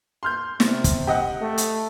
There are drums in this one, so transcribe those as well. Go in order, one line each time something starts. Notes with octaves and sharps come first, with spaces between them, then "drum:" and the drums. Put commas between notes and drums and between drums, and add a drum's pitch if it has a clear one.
C6 F6 G6
C3, drum: snare
drum: kick, hi-hat
G4 D#5 F#5
A3
drum: hi-hat